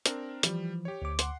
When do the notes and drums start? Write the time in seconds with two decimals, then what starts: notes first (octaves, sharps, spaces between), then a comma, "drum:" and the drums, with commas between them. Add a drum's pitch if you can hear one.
0.06 C4 D4 A#4, drum: hi-hat
0.43 E3 F3 G3, drum: hi-hat
0.85 G4 C#5
1.02 D2 D6
1.19 F#5 C6, drum: hi-hat